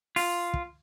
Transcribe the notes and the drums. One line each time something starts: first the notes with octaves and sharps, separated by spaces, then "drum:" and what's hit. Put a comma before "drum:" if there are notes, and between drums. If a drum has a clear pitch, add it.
F4, drum: open hi-hat
drum: kick